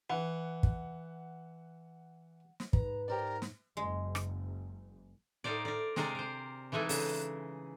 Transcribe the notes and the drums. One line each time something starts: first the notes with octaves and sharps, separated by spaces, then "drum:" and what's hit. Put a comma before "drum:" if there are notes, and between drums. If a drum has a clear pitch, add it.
E3 F#5
drum: kick
drum: snare
G#2 B4 A#5, drum: kick
G4 A#4 C5 D5
drum: snare
F#1 G#3
drum: rim click
A2 D#4 A#4 C5 D5
A#4 D5
C3 G#3 A#4 C5 D5, drum: snare
A#4 C5
E3 G#3 A3 D#4 E4
C#3, drum: open hi-hat